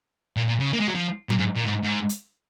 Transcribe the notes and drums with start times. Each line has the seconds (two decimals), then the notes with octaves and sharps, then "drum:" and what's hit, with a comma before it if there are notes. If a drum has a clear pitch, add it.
0.37 A#2
0.48 A#2
0.60 C#3
0.73 A#3
0.80 G#3
0.88 F#3
0.95 F3
1.30 A#2, drum: tom F#3
1.39 G#2
1.56 A#2
1.65 G#2
1.84 G#2
2.09 drum: hi-hat